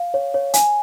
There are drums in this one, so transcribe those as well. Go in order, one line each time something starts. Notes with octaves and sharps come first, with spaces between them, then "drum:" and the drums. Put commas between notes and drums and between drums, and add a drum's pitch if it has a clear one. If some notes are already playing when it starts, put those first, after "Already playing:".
Already playing: F5
C#5
C#5
G#5, drum: hi-hat